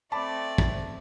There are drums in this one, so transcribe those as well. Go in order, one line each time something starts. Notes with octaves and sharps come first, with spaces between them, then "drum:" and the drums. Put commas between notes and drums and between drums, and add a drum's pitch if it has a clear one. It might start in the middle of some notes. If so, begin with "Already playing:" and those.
A3 C4 D5 A5 B5 D6
drum: kick